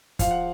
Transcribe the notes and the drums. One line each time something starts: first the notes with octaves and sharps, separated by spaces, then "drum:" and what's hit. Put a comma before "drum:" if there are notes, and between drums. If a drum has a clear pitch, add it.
F3 F5, drum: kick, hi-hat
F#5